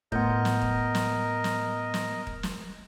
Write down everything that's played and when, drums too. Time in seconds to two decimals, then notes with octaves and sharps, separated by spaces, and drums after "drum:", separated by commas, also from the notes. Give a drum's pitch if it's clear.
0.12 A2 B3 A#4 D#5 G6, drum: kick D#1
0.45 drum: snare
0.62 drum: kick D#1
0.95 drum: snare
1.44 drum: snare
1.94 drum: snare
2.27 drum: kick D#1
2.43 drum: snare